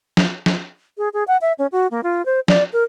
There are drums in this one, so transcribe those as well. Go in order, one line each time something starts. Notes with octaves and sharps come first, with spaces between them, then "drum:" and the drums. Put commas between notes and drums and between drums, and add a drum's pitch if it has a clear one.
drum: snare
drum: snare
G#4
G#4
F#5
E5
C#4
F#4
A#3
F4
C5
D5, drum: snare
A#4